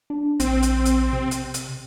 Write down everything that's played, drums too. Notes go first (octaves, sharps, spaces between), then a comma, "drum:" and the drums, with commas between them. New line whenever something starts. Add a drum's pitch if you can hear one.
D4
A#1 C4, drum: hi-hat
drum: hi-hat
drum: hi-hat
C3
drum: hi-hat
drum: hi-hat